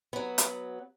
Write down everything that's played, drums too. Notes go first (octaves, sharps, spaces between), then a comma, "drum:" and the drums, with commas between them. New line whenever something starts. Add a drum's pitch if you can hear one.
F#3 B3
drum: hi-hat